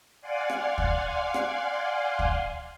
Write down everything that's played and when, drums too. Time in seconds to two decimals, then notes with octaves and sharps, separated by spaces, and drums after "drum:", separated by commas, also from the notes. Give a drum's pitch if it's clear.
0.21 D5 F5 F#5 G#5 C6
0.50 drum: rim click
0.78 drum: kick
1.34 drum: rim click
2.19 drum: kick